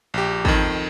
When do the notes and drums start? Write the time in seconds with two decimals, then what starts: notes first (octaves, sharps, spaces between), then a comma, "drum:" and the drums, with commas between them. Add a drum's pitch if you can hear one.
0.14 A#1 G4
0.45 F2 D#3, drum: kick